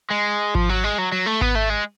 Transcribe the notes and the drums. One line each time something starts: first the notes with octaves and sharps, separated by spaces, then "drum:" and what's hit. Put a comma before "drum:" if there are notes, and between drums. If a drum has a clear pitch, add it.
G#3
F3, drum: kick G#1
F#3
G#3
F#3
F#3
A3
B3, drum: kick G#1
A3
G#3